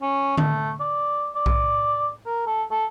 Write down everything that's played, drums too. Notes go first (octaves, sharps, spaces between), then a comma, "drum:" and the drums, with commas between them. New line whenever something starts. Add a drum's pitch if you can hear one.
C#4
A3, drum: tom D3
D5
D5
drum: kick B1
A#4
A4
A4